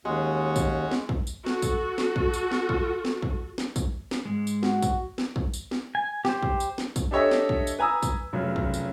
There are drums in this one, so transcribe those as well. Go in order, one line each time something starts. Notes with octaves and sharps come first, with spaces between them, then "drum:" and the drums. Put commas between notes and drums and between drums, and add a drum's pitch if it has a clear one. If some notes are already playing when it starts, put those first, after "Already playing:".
D#2 G#3 C#4 F#4
drum: kick, tambourine
drum: snare
drum: kick
drum: tambourine
F#4 A4, drum: snare
drum: kick, tambourine
drum: snare
drum: kick
drum: tambourine
drum: snare
drum: kick
drum: snare
drum: kick
drum: snare
drum: kick, tambourine
drum: snare
G#2 G#3
drum: tambourine
F#4, drum: snare
drum: kick, tambourine
drum: snare
drum: kick
drum: tambourine
drum: snare
G#5
G4 C5, drum: snare
drum: kick
drum: tambourine
drum: snare
drum: kick, tambourine
D4 G4 A4 C#5 D#5 E5
drum: snare
drum: kick
drum: tambourine
B4 G#5 A#5 D#6 E6
drum: kick, tambourine
F1 F#2 C#3
drum: kick
drum: tambourine